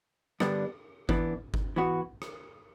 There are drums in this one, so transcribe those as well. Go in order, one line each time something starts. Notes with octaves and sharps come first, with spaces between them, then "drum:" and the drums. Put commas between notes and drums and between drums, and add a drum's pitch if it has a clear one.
G2 D3 G3 B3 D4, drum: rim click
E3 B3 D4, drum: kick G1
drum: kick G1
E3 B3 F#4
drum: rim click